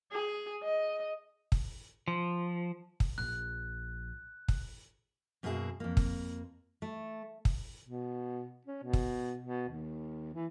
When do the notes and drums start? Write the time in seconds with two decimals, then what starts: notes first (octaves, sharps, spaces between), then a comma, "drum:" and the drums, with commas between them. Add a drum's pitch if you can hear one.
0.12 G#4
0.64 D#5
1.52 drum: kick
2.08 F3
3.00 drum: kick
3.18 A#1 F#6
4.48 drum: kick
5.43 F#2 B2 A#3 B3 G#4 E5
5.80 F2 A#3
5.97 drum: kick
6.82 A3
7.45 drum: kick
7.86 B2
8.67 C#4
8.83 B2
8.93 drum: kick
9.43 B2
9.69 D#2
10.34 E3